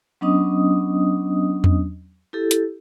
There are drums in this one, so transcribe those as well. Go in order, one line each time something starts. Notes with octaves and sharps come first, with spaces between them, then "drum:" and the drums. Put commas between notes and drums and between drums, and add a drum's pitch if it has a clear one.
F#3 B3 C#4 D4 D#5 D#6
drum: tom E2
E4 G4 A4
drum: hi-hat